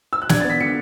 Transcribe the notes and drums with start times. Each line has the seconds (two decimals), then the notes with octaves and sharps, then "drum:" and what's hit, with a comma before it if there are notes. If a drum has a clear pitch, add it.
0.13 E6
0.22 F#6
0.29 D4 G#6, drum: snare
0.40 B3 A6
0.50 B6
0.60 D3 C#7